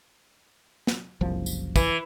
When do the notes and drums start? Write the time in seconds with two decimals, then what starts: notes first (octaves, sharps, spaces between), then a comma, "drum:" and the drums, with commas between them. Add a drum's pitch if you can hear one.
0.87 drum: snare
1.21 F#1 C2 F3
1.46 drum: tambourine
1.76 E3, drum: kick, tambourine